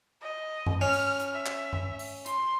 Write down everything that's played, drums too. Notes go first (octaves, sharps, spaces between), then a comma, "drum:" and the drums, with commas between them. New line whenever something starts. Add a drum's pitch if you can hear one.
D#5
drum: tom F#2
C#4 F6
drum: open hi-hat
drum: hi-hat
E5
drum: clap
drum: tom F#2
drum: open hi-hat
C6, drum: hi-hat